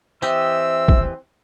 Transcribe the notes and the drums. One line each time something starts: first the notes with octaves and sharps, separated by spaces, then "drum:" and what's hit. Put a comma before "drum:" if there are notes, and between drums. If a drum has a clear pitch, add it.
E3 C4 G4 D#5 E5 E6, drum: tambourine
drum: kick